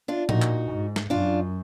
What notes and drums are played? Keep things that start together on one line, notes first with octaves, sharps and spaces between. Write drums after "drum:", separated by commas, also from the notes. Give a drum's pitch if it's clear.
D4 F4
A#2 D#4 F#4, drum: tom A2
drum: clap
G#2
drum: snare
F#2 D4 F4